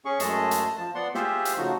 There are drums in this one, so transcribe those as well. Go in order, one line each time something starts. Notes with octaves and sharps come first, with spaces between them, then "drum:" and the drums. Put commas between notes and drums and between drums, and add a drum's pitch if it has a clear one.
C#4 G#4 C#6
F#2 G#3 A3 G#4 D#5 A5, drum: hi-hat
drum: hi-hat
F3 A5
B3 D5 F#5 C6
F4 G4 G#4 C5 E5, drum: snare
drum: hi-hat
C#3 F3 A3 D#4 F#4